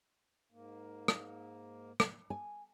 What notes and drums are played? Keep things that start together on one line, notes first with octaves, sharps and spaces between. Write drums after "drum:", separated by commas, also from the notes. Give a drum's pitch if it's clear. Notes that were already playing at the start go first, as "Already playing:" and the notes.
G#2 A#3
drum: rim click
drum: rim click
G#5